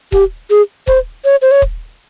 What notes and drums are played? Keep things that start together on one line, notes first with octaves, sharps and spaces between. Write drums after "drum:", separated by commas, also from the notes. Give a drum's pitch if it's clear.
G4, drum: kick D#1
G#4
C5, drum: kick D#1
C#5
C5
C#5
drum: kick D#1